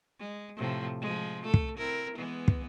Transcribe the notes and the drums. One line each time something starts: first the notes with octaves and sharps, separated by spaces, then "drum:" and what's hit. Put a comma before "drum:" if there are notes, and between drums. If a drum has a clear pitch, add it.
G#3
A2 C3 F3
F3 G#3
A3 A4
drum: kick
C4 E4 A#4
E3 G#3 B3
drum: kick